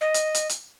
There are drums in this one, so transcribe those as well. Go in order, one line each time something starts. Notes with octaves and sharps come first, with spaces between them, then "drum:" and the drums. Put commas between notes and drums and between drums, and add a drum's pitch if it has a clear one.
D#5
drum: hi-hat
drum: hi-hat
drum: hi-hat